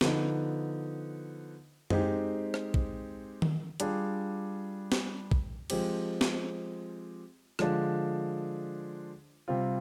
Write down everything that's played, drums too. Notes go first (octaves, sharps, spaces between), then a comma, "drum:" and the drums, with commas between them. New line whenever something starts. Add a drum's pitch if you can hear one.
D3 F3 B3 D#4, drum: snare
G#3 C4 D#4 G4, drum: tom F#2
drum: rim click
drum: kick
drum: tom D#3
G3 D4 F4 G#4, drum: hi-hat
drum: snare
drum: kick
F3 G#3 C4 G4, drum: cymbal
drum: snare
D3 F3 G#3 D4 F4, drum: rim click
C3 G3 C4 F4